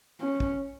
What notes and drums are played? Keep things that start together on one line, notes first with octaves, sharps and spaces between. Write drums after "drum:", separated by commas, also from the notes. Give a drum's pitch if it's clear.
C#4
drum: kick